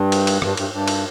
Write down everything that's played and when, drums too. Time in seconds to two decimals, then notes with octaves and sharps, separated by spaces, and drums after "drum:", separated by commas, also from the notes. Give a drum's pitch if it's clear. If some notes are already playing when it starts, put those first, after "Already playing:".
Already playing: G2
0.12 drum: cymbal
0.27 drum: cymbal
0.42 G2, drum: rim click
0.57 G2, drum: cymbal
0.73 G2
0.88 drum: cymbal